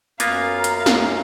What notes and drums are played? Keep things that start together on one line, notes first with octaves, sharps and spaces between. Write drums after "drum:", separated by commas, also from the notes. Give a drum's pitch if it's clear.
F#2 A#3 B3 F4 F5 A#5, drum: hi-hat
drum: hi-hat
drum: snare